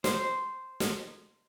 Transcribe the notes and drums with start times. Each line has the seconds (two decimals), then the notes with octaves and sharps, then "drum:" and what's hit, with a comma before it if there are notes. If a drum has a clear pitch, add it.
0.04 C5, drum: snare
0.80 drum: snare